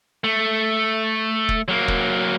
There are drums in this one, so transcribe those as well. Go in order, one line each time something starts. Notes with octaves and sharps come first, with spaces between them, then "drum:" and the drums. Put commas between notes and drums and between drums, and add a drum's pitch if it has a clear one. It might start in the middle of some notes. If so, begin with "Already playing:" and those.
A3
drum: kick
F#3 A#3
drum: kick